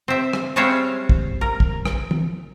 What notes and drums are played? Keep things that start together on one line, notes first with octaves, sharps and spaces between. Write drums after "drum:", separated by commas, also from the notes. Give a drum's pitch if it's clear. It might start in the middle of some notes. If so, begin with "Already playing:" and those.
C4 E5
drum: rim click
G3 G#3 C4 C#5 E5 F5
drum: kick
A#4
drum: kick
drum: rim click
drum: tom